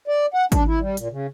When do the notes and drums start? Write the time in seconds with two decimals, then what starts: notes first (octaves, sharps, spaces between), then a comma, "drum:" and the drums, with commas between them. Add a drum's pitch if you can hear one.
0.08 D5
0.34 F#5
0.52 D4, drum: kick G#1, hi-hat
0.67 E4
0.80 G3
0.97 A#2, drum: hi-hat
1.11 C#3